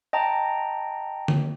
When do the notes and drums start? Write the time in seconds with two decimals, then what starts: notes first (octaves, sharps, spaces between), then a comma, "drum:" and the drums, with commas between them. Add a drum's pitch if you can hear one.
0.13 D#5 G5 A5 A#5
1.28 drum: tom D3